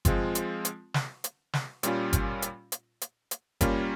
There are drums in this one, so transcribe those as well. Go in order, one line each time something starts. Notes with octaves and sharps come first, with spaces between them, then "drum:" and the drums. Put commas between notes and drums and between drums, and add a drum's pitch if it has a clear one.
F3 G#3 C4 F4, drum: kick G1, hi-hat
drum: hi-hat
drum: hi-hat
drum: snare
drum: hi-hat
drum: snare
A#2 G3 C#4 F4, drum: hi-hat
drum: kick G1, hi-hat
drum: hi-hat
drum: hi-hat
drum: hi-hat
drum: hi-hat
G3 A#3 C#4 F4, drum: kick G1, hi-hat